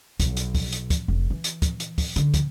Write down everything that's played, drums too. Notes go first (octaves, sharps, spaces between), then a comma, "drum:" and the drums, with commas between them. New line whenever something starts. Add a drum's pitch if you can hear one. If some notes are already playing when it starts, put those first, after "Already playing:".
B1, drum: kick, hi-hat
drum: hi-hat
drum: kick, open hi-hat
drum: hi-hat
drum: kick, hi-hat
F1
E3
drum: hi-hat
drum: kick, hi-hat
drum: hi-hat
drum: kick, open hi-hat
D3, drum: hi-hat
drum: kick, hi-hat